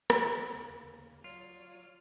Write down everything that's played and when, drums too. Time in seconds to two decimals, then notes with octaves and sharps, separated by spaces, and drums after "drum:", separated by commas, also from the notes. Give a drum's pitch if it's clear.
0.10 F#5 G5, drum: rim click
0.52 D#2 C#3 A#3
1.24 F#3 F4 C#5 D5